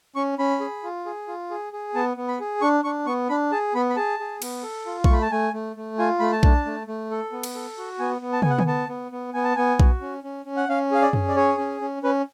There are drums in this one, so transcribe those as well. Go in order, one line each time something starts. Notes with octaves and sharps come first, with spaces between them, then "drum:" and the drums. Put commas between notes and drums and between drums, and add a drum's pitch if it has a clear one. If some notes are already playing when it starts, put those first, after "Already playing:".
C#4 C#6
C#4 B5
G#4
F4
G#4
F4
G#4
G#4
B3 A5
B3
B5
G#4
D4 C#6
D4 C#6
B3 C#6
D4 B5
G#4 A5
B3 B5
B5
G#4 A5
G#4
B3, drum: cymbal
A4
F4
C#6, drum: kick B1
A3 B5
A5
A3 G#5
A3
A3
F4 G#5
A3 B5
A5
D4, drum: kick B1
A3
A3
A4
B3
drum: cymbal
A4
F#4
B3 G#5
B3
A5
B3 G#5, drum: tom
F#5
G#5, drum: tom D3
B3 A5
B3
B3
B3 G#5
A5
B3 G#5
F#4, drum: kick B1
C#4
C#4
C#4
F#5
C#4 F5
G#4 F5
D5
C#4, drum: tom F#2
D5
G#4 C#5
C#4
C#4
C#4 B4